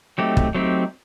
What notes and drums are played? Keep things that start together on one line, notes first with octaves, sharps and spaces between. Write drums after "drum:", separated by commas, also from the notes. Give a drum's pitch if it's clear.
F#3 A3 C4 D#4 G4
drum: kick
F#3 A3 C4 D#4 G4